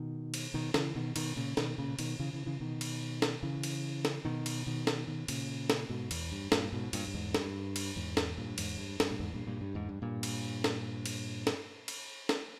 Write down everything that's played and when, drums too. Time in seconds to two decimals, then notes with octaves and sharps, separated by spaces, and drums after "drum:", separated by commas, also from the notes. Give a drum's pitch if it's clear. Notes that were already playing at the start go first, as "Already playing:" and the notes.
Already playing: B2 D#3
0.34 drum: cymbal
0.54 B2 D#3
0.74 C#3 E3, drum: snare
0.95 B2 D#3
1.16 B2 D#3, drum: cymbal
1.36 A#2 C#3
1.57 B2 D#3, drum: snare
1.78 A#2 C#3
1.99 B2 D#3, drum: cymbal
2.20 C#3 E3
2.33 C#3 E3
2.46 C#3 E3
2.60 B2 D#3
2.81 drum: cymbal
3.22 drum: snare
3.43 C#3 E3
3.63 drum: cymbal
4.05 drum: snare
4.25 B2 D#3
4.46 drum: cymbal
4.67 B2 D#3
4.87 drum: snare
5.07 B2 D#3
5.28 A#2 C#3, drum: cymbal
5.70 drum: snare
5.90 G#2 B2
6.11 E2, drum: cymbal
6.32 G2
6.52 G2 A#2, drum: snare
6.73 G#2 B2
6.93 G2 A#2, drum: cymbal
7.08 G2
7.14 E2 G#2
7.34 G2, drum: snare
7.76 drum: cymbal
7.96 E2 G#2
8.17 drum: snare
8.37 G2 A#2
8.58 E2 G#2, drum: cymbal
8.78 G2
9.00 G2, drum: snare
9.11 A#2
9.20 E2 G#2
9.34 G2 A#2
9.47 G2 A#2
9.61 G2
9.74 E2 G#2
9.89 G2
10.02 G2 A#2
10.23 drum: cymbal
10.64 drum: snare
11.06 drum: cymbal
11.47 drum: snare
11.88 drum: cymbal
12.29 drum: snare